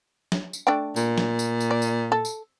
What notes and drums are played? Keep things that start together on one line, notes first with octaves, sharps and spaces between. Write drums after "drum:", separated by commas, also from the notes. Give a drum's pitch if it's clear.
drum: snare
drum: tambourine
A3 D4 G5
A#2, drum: tambourine
drum: snare
drum: tambourine
drum: tambourine
D5
drum: tambourine
A4
drum: tambourine